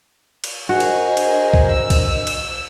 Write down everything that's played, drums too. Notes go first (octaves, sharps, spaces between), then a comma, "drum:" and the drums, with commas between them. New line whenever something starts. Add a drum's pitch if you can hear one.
drum: cymbal
D4 F#4 G#4 A#4 C5 D#5
drum: cymbal
drum: cymbal
drum: kick C2
E6
drum: kick C2, cymbal
drum: cymbal